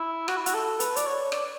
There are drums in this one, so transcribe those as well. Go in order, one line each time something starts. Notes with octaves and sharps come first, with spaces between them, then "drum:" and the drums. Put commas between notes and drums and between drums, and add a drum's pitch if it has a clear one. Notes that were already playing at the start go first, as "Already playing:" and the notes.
Already playing: E4
F#4, drum: rim click
E4
F#4, drum: hi-hat
A4
B4, drum: hi-hat
D5, drum: hi-hat
C#5
D5, drum: rim click